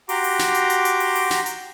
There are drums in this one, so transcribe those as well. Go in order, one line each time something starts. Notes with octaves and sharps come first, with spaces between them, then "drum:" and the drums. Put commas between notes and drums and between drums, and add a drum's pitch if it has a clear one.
F#4 G4 A#5 C6 D6, drum: open hi-hat
drum: open hi-hat
drum: snare
drum: hi-hat
drum: hi-hat
drum: hi-hat
drum: open hi-hat
drum: open hi-hat
drum: snare
drum: hi-hat